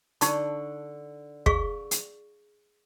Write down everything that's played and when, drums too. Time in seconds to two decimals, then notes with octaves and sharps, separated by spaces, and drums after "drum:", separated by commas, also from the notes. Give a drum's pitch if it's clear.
0.21 D3 D#4 A5 C#6, drum: hi-hat
1.46 G#4 F5 C#6, drum: kick
1.91 drum: hi-hat